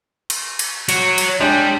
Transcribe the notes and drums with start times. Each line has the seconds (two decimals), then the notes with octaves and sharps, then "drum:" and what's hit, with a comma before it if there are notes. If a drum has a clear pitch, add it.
0.30 drum: cymbal
0.59 drum: cymbal
0.89 F#4 C#5, drum: cymbal
1.18 drum: cymbal
1.40 G3 G#3 D4 G4